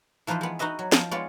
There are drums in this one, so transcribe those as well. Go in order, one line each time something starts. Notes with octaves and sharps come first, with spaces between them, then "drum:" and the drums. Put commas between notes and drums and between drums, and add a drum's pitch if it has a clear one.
E3 F3 D#4 B4 C5
G#3 B3
D#4 F#4 B4 D#5 E5
F#3
F3, drum: snare
G#3 B3 F4 C#5 D5